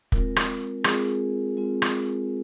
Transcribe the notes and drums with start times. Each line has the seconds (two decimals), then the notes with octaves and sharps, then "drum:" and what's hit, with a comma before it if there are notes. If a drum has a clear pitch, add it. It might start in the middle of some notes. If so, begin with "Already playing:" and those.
0.12 G#3 C4 F4 A#4, drum: kick
0.36 drum: rim click
0.84 G#3 C4 F4 G#4, drum: rim click
1.57 G#3 C4 F4
1.82 drum: rim click